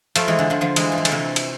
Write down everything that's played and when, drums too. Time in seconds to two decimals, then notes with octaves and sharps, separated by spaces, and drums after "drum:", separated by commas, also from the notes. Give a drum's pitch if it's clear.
0.16 F3 A3, drum: cymbal
0.28 E3 G#3
0.39 D3
0.50 D3 F3
0.61 D3 F3
0.76 E3 G#3, drum: cymbal
0.92 F3
0.98 E3
1.05 D3, drum: cymbal
1.12 C3 E3
1.36 drum: cymbal